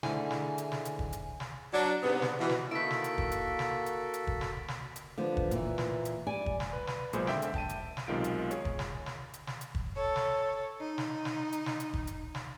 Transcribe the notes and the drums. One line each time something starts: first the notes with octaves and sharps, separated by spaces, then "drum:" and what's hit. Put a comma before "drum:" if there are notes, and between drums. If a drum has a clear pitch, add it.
G#2 D3 A3 E4 G#5, drum: snare
drum: snare
drum: hi-hat
drum: snare
drum: hi-hat
drum: kick
drum: hi-hat
drum: snare
F#3 D4
G#2 C3 B3
drum: snare
B2 E3
drum: snare
D#3 A#3 E4 F#4 A4 B6 D7
drum: snare
drum: hi-hat
drum: kick
drum: hi-hat
drum: snare
drum: hi-hat
drum: hi-hat
drum: kick
drum: snare
drum: snare
drum: hi-hat
D3 F3 B3
drum: kick
A#2 E3, drum: hi-hat
drum: snare
drum: hi-hat
G3 D5 G#5
drum: kick
drum: snare
B4
drum: snare
B1 A#2 G#3 G#4 C5 B5, drum: hi-hat
G#1 D3 E5 G5 G6 D7, drum: snare
drum: hi-hat
G5 A5 D#7, drum: kick
drum: hi-hat
drum: snare
B1 C3 D#3 G#3 F4 D7
drum: hi-hat
G#4 C#5, drum: hi-hat
drum: kick
drum: snare
drum: snare
drum: hi-hat
drum: snare
drum: hi-hat
drum: kick
A4 C#5
drum: snare
D#4
drum: snare
drum: snare
drum: hi-hat
drum: snare
drum: hi-hat
drum: kick
drum: hi-hat
drum: snare